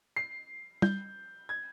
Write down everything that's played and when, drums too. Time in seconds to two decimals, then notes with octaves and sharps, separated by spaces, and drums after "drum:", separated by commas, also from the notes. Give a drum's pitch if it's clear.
0.16 C7
0.82 G6, drum: tom
1.49 G#6